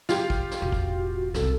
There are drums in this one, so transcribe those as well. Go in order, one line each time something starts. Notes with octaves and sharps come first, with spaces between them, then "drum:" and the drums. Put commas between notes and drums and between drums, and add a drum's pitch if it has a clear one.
F4 G4, drum: snare
drum: kick
drum: snare
E1 A1 F#4
drum: kick
C2 C3 A4, drum: snare